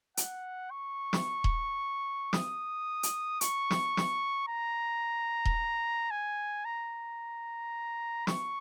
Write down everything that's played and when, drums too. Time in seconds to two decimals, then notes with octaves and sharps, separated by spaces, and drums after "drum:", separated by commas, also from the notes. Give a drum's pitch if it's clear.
0.17 F#5, drum: hi-hat
0.71 C#6
1.13 drum: snare
1.44 drum: kick D#1
2.33 D#6, drum: snare
3.03 drum: hi-hat
3.41 C#6, drum: hi-hat
3.71 drum: snare
3.97 drum: snare
4.48 A#5
5.45 drum: kick D#1
6.11 G#5
6.65 A#5
8.27 C#6, drum: snare